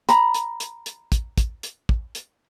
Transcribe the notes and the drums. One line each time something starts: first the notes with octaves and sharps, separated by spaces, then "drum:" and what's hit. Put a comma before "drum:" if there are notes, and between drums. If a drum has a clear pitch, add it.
A#5 B5, drum: hi-hat
drum: hi-hat
drum: hi-hat
drum: hi-hat
drum: kick, hi-hat
drum: kick, hi-hat
drum: hi-hat
drum: kick
drum: hi-hat